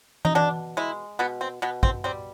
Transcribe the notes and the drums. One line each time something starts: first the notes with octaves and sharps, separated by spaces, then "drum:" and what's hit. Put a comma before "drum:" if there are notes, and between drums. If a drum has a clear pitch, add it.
D#4, drum: tom E3
B2 D4
G#3 E4
B2 B3
C4
B2 B3
C4, drum: kick
G3 C4